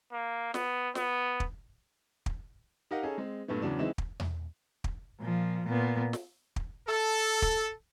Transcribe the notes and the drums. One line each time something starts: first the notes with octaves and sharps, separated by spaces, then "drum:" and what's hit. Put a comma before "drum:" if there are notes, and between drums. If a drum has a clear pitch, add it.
A#3
B3, drum: snare
B3, drum: snare
drum: kick
drum: kick
D#4 G4 A#4 D#5 F5 F#5
C#4 D#4 G#4 A4
G#3 C4
G2 A#2 A3 B3
E2 C#3 E3 F#3 D4
D#3 E3 G#3 C4 E4 E7
drum: kick
drum: tom E2
drum: kick
A#2 F3
A#2 B3
drum: snare
drum: kick
A4
drum: kick